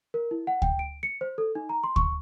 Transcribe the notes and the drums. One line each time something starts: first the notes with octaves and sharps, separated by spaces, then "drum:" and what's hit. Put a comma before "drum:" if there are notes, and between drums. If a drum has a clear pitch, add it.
A#4
E4
F#5
G5, drum: kick D2
D7
C#7
C5
A4
D#4
A#5
C6
C#6, drum: kick D2